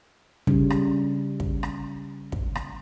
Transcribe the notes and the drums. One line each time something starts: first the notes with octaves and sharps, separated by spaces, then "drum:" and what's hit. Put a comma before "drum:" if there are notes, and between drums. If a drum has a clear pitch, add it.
C#3 G3, drum: kick
drum: rim click
drum: kick
drum: rim click
drum: kick
drum: rim click